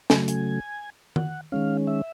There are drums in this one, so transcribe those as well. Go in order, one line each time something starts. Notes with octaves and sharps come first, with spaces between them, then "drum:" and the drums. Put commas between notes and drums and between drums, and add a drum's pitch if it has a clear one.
C#3 F#3 A3 G#5, drum: snare
G#5, drum: hi-hat
F#5, drum: tom D#3
D#3 G#3 C#4 F5
E5